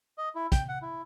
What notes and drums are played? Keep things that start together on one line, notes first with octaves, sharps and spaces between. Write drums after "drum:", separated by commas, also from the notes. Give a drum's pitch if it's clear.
D#5
E4
G5, drum: kick, hi-hat
F#5
E4